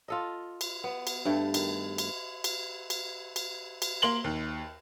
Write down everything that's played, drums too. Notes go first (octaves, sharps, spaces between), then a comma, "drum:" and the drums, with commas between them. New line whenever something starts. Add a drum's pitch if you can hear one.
F4 A4 D#5
drum: cymbal
B3
drum: cymbal
G2 A3
D#3, drum: cymbal
drum: cymbal
drum: cymbal
drum: cymbal
drum: cymbal
drum: cymbal
A#3 C6 F#7 G7
D#2